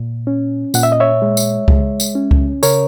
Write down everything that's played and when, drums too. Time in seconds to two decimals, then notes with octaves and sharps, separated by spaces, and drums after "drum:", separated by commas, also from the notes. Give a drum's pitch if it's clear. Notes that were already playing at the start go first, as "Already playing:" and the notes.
Already playing: A#2
0.27 C#4
0.74 A#2 F#5, drum: tambourine
0.83 E5
0.92 D#5
1.00 C#5 E5
1.22 G#3
1.37 drum: tambourine
1.68 G#3, drum: kick C#2
2.00 drum: tambourine
2.15 C#4
2.31 drum: kick C#2
2.63 C#3 A#4 C#5, drum: tambourine